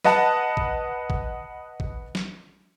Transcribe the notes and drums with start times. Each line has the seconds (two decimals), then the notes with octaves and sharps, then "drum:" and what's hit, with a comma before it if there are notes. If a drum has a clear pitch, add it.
0.05 B4 D#5 F#5 A5, drum: snare
0.57 drum: kick
1.10 drum: kick
1.80 drum: kick
2.15 drum: snare